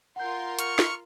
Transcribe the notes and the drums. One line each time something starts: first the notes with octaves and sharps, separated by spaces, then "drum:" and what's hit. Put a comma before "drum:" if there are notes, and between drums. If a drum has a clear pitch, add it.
F4 A#4 F#5 C6 G6
C#6 F6 C#7, drum: hi-hat
drum: snare